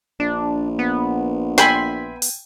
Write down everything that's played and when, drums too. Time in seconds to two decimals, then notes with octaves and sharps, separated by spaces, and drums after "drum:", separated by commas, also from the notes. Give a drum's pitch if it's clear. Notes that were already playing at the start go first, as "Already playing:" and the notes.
0.20 A#1 D4
0.79 B3
1.58 E5 G5 G#5 B5 C6, drum: snare
2.22 drum: open hi-hat